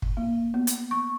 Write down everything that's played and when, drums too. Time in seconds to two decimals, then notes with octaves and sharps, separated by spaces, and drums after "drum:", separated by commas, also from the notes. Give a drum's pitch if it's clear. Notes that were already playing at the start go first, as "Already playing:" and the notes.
0.02 drum: kick
0.17 A#3
0.54 B3
0.67 drum: hi-hat
0.91 C#6